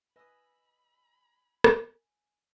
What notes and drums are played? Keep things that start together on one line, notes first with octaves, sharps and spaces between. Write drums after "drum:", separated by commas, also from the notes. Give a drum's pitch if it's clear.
B4 D#5 G#5 B5 D#6 E6
drum: rim click